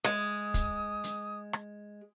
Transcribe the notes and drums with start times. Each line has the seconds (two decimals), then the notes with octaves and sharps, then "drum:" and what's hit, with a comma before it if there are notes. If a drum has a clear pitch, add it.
0.04 G#3 D#6, drum: rim click
0.54 drum: kick, hi-hat
1.04 drum: hi-hat
1.53 drum: rim click